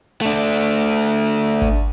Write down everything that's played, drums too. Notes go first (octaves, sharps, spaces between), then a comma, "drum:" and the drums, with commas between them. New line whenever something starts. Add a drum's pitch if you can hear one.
A3 D4, drum: hi-hat
drum: hi-hat
drum: hi-hat
drum: kick G#1, hi-hat